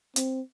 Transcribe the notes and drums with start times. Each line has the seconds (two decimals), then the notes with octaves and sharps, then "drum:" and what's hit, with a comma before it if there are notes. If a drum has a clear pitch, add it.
0.16 C4, drum: hi-hat